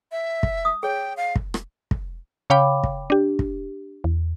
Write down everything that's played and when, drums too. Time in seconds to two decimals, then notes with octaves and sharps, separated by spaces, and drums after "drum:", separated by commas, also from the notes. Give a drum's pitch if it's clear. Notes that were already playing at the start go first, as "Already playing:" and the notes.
0.12 E5
0.43 drum: kick
0.65 D#6
0.83 G#4 C#5 G5
1.17 F5
1.36 drum: kick
1.54 drum: rim click
1.91 drum: kick
2.50 C#3 C#5 F5 G5 B5 D6
2.84 drum: kick
3.10 D4 G4
3.39 drum: kick
4.04 E2